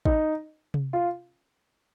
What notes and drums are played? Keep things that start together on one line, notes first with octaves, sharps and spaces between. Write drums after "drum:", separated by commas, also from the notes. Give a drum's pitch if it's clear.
D#4, drum: kick
drum: tom C3
F4